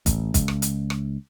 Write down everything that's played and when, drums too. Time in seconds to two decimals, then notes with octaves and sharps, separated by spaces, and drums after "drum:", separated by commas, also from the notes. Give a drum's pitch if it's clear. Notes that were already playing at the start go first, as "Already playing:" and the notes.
0.06 A1, drum: kick, hi-hat
0.34 C#2, drum: kick, hi-hat
0.48 drum: rim click
0.62 drum: hi-hat
0.90 drum: rim click